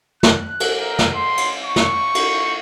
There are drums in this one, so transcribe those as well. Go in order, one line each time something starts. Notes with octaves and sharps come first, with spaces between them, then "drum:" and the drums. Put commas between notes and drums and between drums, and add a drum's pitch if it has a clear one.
F#6, drum: snare
drum: cymbal
A#4
drum: snare
C6
drum: cymbal
C#6
drum: snare
drum: cymbal